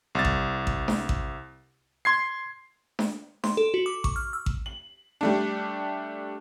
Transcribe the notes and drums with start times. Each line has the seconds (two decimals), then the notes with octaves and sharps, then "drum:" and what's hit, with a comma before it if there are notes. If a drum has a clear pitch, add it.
0.15 C2 A6
0.25 drum: kick A1
0.67 drum: kick A1
0.88 drum: snare D4
1.09 drum: kick A1
2.05 C6 G#6 C7
2.99 drum: snare D4
3.44 C6, drum: snare D4
3.57 A4
3.74 F#4
3.86 D6
4.04 C#6, drum: kick A1
4.16 F6
4.33 E6
4.46 drum: kick A1
4.66 F#7
5.21 G3 A3 D4